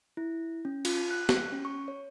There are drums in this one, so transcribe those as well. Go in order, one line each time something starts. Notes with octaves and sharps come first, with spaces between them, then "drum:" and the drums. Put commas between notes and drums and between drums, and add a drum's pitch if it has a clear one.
E4
C#4
F4, drum: cymbal
F#6
drum: snare
C#4
C#6
C#5